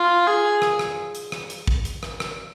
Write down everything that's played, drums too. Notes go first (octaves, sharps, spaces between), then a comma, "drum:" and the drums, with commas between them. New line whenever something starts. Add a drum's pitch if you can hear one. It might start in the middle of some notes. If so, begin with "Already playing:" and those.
Already playing: F4
G#4
drum: rim click
drum: rim click
drum: hi-hat
drum: rim click
drum: hi-hat
drum: kick
drum: hi-hat
drum: rim click
drum: rim click